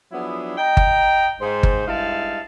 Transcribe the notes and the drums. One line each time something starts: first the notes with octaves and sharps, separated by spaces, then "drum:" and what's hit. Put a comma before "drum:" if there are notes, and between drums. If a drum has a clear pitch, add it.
F3 F#3 B3 D4 E4 G#4
D#5 G5 A#5
drum: kick G1
G#2 C5
drum: kick G1
G2 G#3 D#4 E4 F5 A5